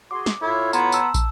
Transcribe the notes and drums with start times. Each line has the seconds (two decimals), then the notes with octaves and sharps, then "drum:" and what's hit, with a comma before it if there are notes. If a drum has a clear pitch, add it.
0.11 F#4 G#4 C6 D6
0.26 drum: snare
0.42 A2 E4 F4 C#5
0.73 B3 A#5 C6, drum: tambourine
0.92 A5 E6, drum: tambourine
1.14 drum: kick, tambourine